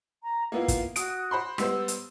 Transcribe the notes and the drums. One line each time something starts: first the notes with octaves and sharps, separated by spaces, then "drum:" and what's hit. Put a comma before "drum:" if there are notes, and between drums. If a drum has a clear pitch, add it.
A#5
A#3 B3 E4 F4
drum: kick, hi-hat
F#4 D#6 D7, drum: hi-hat
C5 B5 C6
G3 B3 C5 E6, drum: rim click
drum: hi-hat